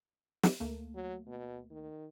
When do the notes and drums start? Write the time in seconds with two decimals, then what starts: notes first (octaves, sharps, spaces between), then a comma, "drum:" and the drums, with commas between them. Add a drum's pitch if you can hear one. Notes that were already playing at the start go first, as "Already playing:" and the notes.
0.43 drum: snare
0.60 D2 A3 A#3
0.95 F#3
1.27 B2
1.71 D#3